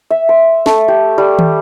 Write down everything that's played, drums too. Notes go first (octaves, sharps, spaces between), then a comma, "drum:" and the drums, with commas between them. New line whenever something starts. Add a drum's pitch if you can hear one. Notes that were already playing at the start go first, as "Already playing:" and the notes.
E5
C6
A3, drum: snare
G4
G3
drum: tom